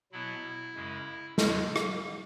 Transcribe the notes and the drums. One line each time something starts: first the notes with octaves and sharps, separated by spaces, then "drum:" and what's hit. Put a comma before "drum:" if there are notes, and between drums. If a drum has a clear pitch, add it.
B2 F#3 B3 E4
F#2 C#3 G#3
E2 D3 G#3 B3, drum: snare
drum: rim click